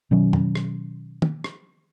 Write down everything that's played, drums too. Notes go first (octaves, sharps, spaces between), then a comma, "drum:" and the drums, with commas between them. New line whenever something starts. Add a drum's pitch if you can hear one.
B2 D#3 F#3 C#4
drum: tom
drum: rim click
drum: tom
drum: rim click